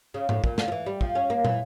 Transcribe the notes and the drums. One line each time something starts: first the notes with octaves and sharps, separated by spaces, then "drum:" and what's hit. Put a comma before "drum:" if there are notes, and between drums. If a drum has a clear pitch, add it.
C#3
A2, drum: tom G#2
A#2, drum: kick
D3, drum: snare
F3
E3
G3
F3, drum: kick
C#4
A#3
E3, drum: tom